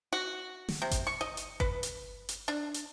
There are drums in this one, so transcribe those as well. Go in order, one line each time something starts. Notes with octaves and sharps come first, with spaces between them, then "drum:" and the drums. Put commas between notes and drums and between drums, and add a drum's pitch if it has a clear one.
F#4
drum: snare
C3
drum: kick G1, hi-hat
C#6
D#5
drum: hi-hat
B4, drum: kick G1
drum: hi-hat
drum: hi-hat
D4
drum: hi-hat